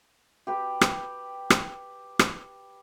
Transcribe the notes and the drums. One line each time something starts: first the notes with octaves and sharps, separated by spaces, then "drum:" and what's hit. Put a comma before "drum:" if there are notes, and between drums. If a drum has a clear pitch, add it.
G4 B4
drum: rim click
drum: rim click
drum: rim click